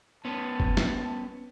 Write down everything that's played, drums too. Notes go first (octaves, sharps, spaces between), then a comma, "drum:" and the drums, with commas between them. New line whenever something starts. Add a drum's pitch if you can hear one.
B3 C#4 A5
drum: kick F#1
drum: snare